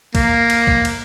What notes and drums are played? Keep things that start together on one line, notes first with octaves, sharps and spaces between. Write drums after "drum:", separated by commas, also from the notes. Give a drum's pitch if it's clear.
A#3, drum: kick, cymbal
drum: cymbal
drum: kick
drum: cymbal